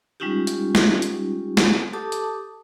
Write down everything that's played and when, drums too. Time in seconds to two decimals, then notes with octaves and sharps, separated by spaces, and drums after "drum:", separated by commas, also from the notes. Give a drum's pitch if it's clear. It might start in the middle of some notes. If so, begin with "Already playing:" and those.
0.20 G3 G#3 C#4 D#4 F4 G4
0.47 drum: hi-hat
0.75 drum: snare
1.02 drum: hi-hat
1.57 drum: snare
1.93 G4 A4 A5 D6 D#6
2.12 drum: hi-hat